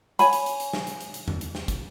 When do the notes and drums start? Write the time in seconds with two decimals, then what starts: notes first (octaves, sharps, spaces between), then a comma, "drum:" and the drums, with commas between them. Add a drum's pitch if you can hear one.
0.19 C#5 G#5 B5, drum: hi-hat
0.33 drum: hi-hat
0.46 drum: hi-hat
0.60 drum: hi-hat
0.73 drum: snare
0.87 drum: hi-hat
1.01 drum: hi-hat
1.14 drum: hi-hat
1.28 drum: tom E2
1.41 drum: hi-hat
1.55 drum: snare
1.68 drum: kick, hi-hat